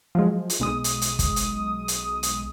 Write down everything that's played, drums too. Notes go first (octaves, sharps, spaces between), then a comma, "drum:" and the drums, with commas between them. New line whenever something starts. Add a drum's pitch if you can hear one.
F3 F#3 G#3
drum: hi-hat
B1 G#3 D#6
drum: hi-hat
drum: hi-hat
drum: kick, hi-hat
drum: hi-hat
drum: hi-hat
drum: hi-hat